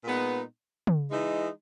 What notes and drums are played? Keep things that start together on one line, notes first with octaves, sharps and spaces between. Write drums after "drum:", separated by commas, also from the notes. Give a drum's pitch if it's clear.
A#2 G#3 B3 D#4
drum: tom
E3 G#3 D#4